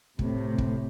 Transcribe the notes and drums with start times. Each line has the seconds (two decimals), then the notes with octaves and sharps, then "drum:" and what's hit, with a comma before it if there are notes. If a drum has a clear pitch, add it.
0.19 A2 C3, drum: kick
0.58 drum: kick